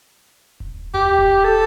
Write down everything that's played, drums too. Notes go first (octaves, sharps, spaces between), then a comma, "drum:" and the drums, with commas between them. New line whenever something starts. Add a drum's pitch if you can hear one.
drum: kick D#1
G4, drum: tom D#2
drum: kick D#1
A4